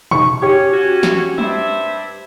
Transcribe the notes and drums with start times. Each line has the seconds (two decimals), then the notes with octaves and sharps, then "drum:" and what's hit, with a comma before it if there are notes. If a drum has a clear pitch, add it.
0.11 C#6, drum: tom
0.42 C#4 G4 C#5
0.73 C#4 F#4
1.03 drum: snare
1.38 G2 C5 E5, drum: tom